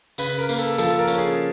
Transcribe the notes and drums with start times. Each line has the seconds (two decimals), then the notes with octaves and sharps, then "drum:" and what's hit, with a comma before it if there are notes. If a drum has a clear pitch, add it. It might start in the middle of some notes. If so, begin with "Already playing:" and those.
0.18 C#3 B4, drum: tambourine
0.38 A#4
0.49 A#3, drum: tambourine
0.59 A4
0.78 F3 A4, drum: tambourine
0.99 A#4
1.08 C#4, drum: tambourine
1.18 G#4